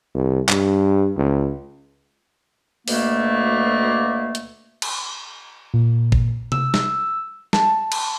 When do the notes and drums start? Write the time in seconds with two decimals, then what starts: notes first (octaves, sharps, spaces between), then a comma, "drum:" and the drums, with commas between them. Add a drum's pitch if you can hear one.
0.15 C2
0.49 G2, drum: clap
1.17 C#2
2.88 D2 B2 A3 A#3, drum: open hi-hat
4.35 drum: hi-hat
4.82 drum: cymbal
5.74 A#2
6.12 drum: kick G#1
6.52 E6, drum: tom C3
6.74 drum: snare
7.53 A5, drum: snare
7.92 drum: cymbal